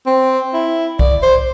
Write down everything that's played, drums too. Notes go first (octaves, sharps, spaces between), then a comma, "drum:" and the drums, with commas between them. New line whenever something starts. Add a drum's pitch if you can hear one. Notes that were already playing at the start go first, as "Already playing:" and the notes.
C4
E4
D5, drum: kick B1
C5